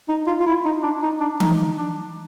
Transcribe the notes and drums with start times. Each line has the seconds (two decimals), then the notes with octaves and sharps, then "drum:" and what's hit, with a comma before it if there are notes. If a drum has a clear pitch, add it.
0.09 D#4
0.27 F4
0.40 F4
0.46 E4
0.65 D#4
0.83 D4
1.03 D#4
1.21 D4
1.40 D#4, drum: tom E3
1.77 D4